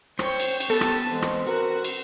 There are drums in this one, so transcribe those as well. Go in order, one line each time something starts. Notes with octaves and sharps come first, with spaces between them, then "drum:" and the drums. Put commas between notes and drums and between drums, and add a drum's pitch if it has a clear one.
C5 C#5 G5, drum: rim click
drum: cymbal
drum: cymbal
B3 G4 A4 A5
drum: rim click
E3 G#3 C4
drum: rim click
F#4 A#4 B4
drum: cymbal